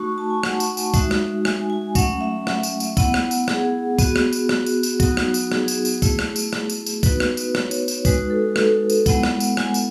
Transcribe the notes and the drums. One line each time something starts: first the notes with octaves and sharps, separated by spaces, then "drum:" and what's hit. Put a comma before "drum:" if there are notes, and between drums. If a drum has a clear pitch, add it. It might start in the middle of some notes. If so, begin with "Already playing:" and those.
Already playing: A3 D#4 F#4 C#6
A5
G#5
F#5, drum: rim click
drum: tambourine
drum: tambourine
G#3 D#4 F#4 E5, drum: kick, tambourine
drum: rim click
G#5, drum: rim click
G#5
F#3 A3 C#4 F#5, drum: kick, tambourine
E5
E5, drum: rim click
drum: tambourine
drum: tambourine
B3 E4 F#5, drum: kick, tambourine
drum: rim click
drum: tambourine
G#4, drum: rim click
B3 F#4, drum: kick, tambourine
drum: rim click
drum: tambourine
F#4, drum: rim click
drum: tambourine
drum: tambourine
F#3 B3 D#4 F#4, drum: kick, tambourine
drum: rim click
drum: tambourine
G#4, drum: rim click
drum: tambourine
drum: tambourine
A3 E4, drum: kick, tambourine
drum: rim click
drum: tambourine
drum: rim click
drum: tambourine
drum: tambourine
B3 D#4 F#4 B4, drum: kick, tambourine
drum: rim click
drum: tambourine
C#5, drum: rim click
drum: tambourine
drum: tambourine
G#3 D#4 F#4 B4, drum: kick, tambourine
A4
A4, drum: rim click
drum: tambourine
G#3 B3 E4 F#5, drum: kick, tambourine
drum: rim click
drum: tambourine
G#5, drum: rim click
drum: tambourine